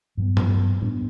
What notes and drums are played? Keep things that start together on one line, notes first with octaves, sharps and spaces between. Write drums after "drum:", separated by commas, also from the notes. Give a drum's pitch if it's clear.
G2 F#3 B3
drum: tom
A2 G3 B3 D4